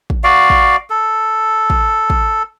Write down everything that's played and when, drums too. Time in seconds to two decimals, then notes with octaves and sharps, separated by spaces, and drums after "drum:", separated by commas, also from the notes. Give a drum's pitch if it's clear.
0.10 drum: kick
0.24 F#4 D5 F5
0.50 drum: kick
0.90 A4
1.70 drum: kick
2.10 drum: kick